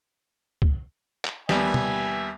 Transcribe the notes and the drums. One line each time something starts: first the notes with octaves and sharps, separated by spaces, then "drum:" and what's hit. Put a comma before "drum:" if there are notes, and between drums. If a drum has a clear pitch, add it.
drum: kick
drum: clap
D#2 G3 B3 E5 G#5, drum: snare
drum: tom